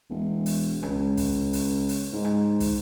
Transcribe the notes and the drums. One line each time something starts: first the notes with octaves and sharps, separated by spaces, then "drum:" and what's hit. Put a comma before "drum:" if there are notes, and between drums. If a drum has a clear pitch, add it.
E1
drum: open hi-hat
C#2, drum: rim click
drum: kick, open hi-hat
drum: open hi-hat
drum: open hi-hat
G#2
drum: rim click
drum: kick, open hi-hat